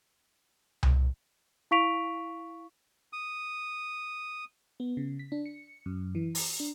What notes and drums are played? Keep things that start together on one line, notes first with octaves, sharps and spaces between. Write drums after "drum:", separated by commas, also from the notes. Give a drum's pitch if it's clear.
drum: tom C2
E4 F5 C#6 B6 D7 F7
D#6
B3
C#3
B6
D4
C#7
F#2
E3
A#5, drum: open hi-hat
D4